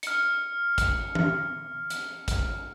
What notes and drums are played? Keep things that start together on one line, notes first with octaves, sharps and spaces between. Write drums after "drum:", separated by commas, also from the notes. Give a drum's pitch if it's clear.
F6 C#7, drum: hi-hat
drum: kick, hi-hat
drum: tom E3
drum: hi-hat
drum: kick, hi-hat